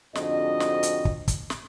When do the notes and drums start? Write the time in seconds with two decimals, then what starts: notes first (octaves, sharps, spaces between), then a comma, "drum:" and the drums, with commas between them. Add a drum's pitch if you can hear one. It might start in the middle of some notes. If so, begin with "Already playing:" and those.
0.15 F2 G#2 D3 F#4 D#5, drum: snare
0.60 drum: snare
0.83 drum: hi-hat
1.05 drum: kick
1.28 drum: kick, hi-hat
1.50 drum: snare